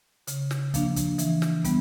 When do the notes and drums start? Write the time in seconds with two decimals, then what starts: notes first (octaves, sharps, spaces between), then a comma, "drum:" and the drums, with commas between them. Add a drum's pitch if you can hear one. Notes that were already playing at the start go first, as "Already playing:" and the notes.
0.27 C#3, drum: hi-hat
0.51 drum: snare
0.74 F3 A#3 D4, drum: kick, hi-hat
0.96 drum: kick, hi-hat
1.18 E3, drum: hi-hat
1.42 drum: snare
1.64 G3 B3, drum: kick, hi-hat